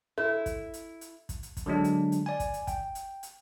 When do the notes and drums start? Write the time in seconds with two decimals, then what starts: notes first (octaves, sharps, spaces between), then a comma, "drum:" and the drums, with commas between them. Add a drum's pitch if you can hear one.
0.18 E4 A4
0.46 drum: kick, hi-hat
0.74 drum: hi-hat
1.01 drum: hi-hat
1.29 drum: kick, hi-hat
1.43 drum: hi-hat
1.57 drum: kick, hi-hat
1.66 D3 F#3 G#3 D4
1.84 drum: hi-hat
2.12 drum: hi-hat
2.26 D5 G#5
2.40 drum: kick, hi-hat
2.54 drum: hi-hat
2.67 G5, drum: kick, hi-hat
2.95 drum: hi-hat
3.23 drum: hi-hat